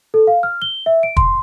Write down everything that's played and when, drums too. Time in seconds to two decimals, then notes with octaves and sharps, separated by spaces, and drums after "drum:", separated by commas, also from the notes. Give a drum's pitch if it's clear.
0.14 A4
0.27 F5
0.43 F6
0.62 G7
0.86 E5
1.03 D7
1.17 C6, drum: kick